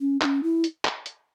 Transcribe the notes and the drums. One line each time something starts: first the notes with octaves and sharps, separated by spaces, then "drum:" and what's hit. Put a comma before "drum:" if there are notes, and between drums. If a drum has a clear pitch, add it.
C#4
D#4, drum: clap
C#4
E4
drum: hi-hat
drum: clap
drum: hi-hat